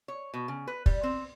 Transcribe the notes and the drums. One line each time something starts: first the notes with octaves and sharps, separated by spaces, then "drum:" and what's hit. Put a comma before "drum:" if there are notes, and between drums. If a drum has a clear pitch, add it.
C#5
B2
C#3
B4
G3, drum: kick
C4